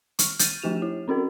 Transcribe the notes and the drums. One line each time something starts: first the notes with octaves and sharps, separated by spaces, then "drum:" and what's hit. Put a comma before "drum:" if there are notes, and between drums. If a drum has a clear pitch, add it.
C#6 F6, drum: hi-hat
G6 A6 D#7, drum: hi-hat
F3 A3 D#4 G4 E7 F7
E4
C4 C#4 F#4 A#4